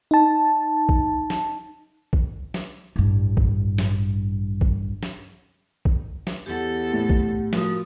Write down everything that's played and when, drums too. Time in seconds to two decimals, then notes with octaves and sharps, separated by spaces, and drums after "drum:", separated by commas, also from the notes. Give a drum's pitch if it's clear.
0.11 D#4 A5
0.89 drum: kick A#1
1.30 drum: snare
2.13 drum: kick A#1
2.54 drum: snare
2.96 A1 G2
3.37 drum: kick A#1
3.78 drum: snare
4.61 drum: kick A#1
5.03 drum: snare
5.85 drum: kick A#1
6.27 drum: snare
6.46 E2 G4 A4 F#5
6.92 A2
7.10 drum: kick A#1
7.53 F3 F#4 A#4 D#6, drum: snare